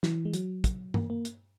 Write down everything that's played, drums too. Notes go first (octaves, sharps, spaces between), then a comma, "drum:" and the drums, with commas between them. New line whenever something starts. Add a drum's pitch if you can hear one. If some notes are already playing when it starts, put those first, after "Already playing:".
E3, drum: snare
G#3
F#3, drum: hi-hat
drum: kick, hi-hat
A#3, drum: tom G2
A#3
drum: hi-hat